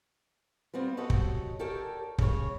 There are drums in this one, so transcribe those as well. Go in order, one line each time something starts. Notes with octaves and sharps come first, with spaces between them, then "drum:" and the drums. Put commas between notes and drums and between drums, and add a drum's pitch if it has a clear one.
G3 B3 C4 F4
F#4 G4 A4 C#5 D#5
drum: kick
G4 A4 A#4 C#5 D5 G5
C#3 C#5, drum: kick